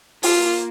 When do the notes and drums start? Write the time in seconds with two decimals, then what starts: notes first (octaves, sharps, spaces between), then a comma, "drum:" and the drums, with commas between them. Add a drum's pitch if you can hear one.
0.23 A#3 F4, drum: open hi-hat